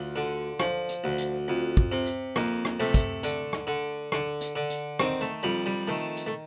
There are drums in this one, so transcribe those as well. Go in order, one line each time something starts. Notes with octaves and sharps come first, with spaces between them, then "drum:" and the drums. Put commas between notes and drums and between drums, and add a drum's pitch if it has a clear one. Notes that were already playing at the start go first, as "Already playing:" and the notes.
Already playing: D2 F4
D3
F3, drum: rim click
drum: hi-hat
D2
drum: hi-hat
F2
drum: kick
C3
drum: hi-hat
F2 A#3, drum: rim click
drum: rim click
C3 A3
drum: kick, hi-hat
D3, drum: hi-hat
drum: rim click
D3
D3, drum: rim click
drum: hi-hat
D3
drum: hi-hat
D#3 C4, drum: rim click
A3
F2 G3
G3
D#3 A3
drum: hi-hat
A3